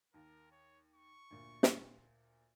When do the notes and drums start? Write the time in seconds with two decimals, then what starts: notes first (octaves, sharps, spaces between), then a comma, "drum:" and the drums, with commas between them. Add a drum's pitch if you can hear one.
0.14 D#2 A#4
0.52 C#5
0.94 C#6
1.31 D2 A#2
1.63 drum: snare